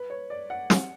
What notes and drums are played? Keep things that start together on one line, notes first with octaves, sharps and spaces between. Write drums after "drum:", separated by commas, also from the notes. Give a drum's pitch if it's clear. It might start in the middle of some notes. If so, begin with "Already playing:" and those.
Already playing: B4
C#5
D5
F#5
F#5, drum: snare